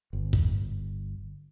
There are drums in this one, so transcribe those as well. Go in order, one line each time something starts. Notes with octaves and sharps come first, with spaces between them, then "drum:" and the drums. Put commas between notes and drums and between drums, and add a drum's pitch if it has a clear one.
G1
drum: kick